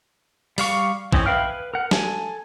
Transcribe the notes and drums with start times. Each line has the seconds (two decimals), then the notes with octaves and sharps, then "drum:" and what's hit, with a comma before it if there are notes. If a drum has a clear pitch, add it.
0.58 G3 F5 C#6, drum: open hi-hat
1.13 E3 C4 C#4 D#5, drum: kick A#1
1.26 B4 E5 F5 G5 F6
1.47 B4
1.74 A#4 F#5
1.91 A4 G#5, drum: snare